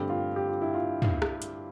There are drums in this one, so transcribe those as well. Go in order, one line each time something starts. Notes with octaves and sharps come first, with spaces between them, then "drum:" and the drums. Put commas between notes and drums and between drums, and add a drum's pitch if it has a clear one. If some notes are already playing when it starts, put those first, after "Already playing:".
Already playing: G2 D3 A3 C4 G4
F4
G4
F4
E4
F4
drum: tom
drum: rim click
drum: hi-hat